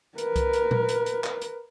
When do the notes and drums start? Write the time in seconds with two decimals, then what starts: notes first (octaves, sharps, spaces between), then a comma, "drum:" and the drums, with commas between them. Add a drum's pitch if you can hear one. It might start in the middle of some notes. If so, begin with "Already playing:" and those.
0.18 A#4 B4, drum: hi-hat
0.36 drum: kick C2, hi-hat
0.53 drum: hi-hat
0.71 drum: tom A#2
0.89 drum: hi-hat
1.06 drum: hi-hat
1.24 drum: clap
1.42 drum: hi-hat